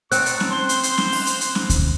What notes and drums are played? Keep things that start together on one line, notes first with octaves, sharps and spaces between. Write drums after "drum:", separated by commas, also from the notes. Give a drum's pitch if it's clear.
C4 D#4 A5 C#6 F#6, drum: hi-hat
drum: hi-hat
drum: snare
C5 C6
drum: hi-hat
drum: hi-hat
drum: snare
drum: open hi-hat
drum: hi-hat
drum: hi-hat
drum: snare
drum: kick D2, hi-hat